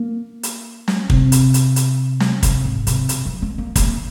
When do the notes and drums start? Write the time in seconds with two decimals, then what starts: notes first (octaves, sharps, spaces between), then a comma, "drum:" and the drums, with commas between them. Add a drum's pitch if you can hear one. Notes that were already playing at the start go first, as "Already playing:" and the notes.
Already playing: A#3
0.43 drum: hi-hat
0.88 drum: snare
1.10 C3, drum: kick
1.32 drum: hi-hat
1.54 drum: hi-hat
1.76 drum: hi-hat
2.20 drum: snare
2.43 C3, drum: kick, hi-hat
2.65 G#2
2.87 C3, drum: hi-hat
3.09 drum: hi-hat
3.25 F3
3.42 G#3
3.58 A#3
3.76 A#3, drum: kick, hi-hat